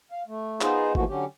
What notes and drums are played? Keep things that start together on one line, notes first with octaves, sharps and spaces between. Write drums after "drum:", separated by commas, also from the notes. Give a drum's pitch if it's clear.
F5
A3
B3 D#4 F4 G#4 C5, drum: clap
B2 E3 F3 A3 A#3 F#4, drum: kick G1
D3 F#3 C#4 G4